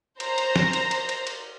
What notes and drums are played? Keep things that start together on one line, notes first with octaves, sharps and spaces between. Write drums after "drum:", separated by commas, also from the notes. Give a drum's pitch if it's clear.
C5 A#5, drum: cymbal
drum: cymbal
drum: snare
drum: cymbal
drum: cymbal
drum: cymbal
drum: cymbal